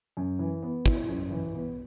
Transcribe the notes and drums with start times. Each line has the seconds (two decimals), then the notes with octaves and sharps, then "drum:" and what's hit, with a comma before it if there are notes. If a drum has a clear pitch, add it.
0.17 F#2
0.39 E3
0.63 B3
0.86 E4, drum: kick
1.08 F#2
1.31 E3
1.55 B3